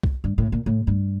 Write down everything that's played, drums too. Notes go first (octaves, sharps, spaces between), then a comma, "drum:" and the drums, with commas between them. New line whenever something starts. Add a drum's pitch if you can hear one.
drum: kick C2
G2
A2
A#2
A2
G2